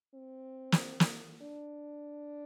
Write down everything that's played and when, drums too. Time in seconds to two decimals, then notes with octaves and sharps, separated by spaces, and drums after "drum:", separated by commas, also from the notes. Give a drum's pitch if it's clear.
0.14 C4
0.72 drum: snare
1.00 drum: snare
1.42 D4